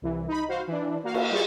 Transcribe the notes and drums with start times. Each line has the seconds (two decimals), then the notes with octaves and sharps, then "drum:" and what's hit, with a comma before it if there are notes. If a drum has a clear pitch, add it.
0.02 C2 E3
0.28 D#4 B5
0.49 F#4 C5 F5
0.67 E3 D4
1.04 A#3 F#4 F5
1.14 drum: cymbal
1.31 G3 F4 G#4 C#6 A6